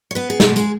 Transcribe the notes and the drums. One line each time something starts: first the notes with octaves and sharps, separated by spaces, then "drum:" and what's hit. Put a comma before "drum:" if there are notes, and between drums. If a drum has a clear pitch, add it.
C#5
B3 B4
G#4
B2 G#3 A3 A4, drum: snare
G#3 G#4, drum: hi-hat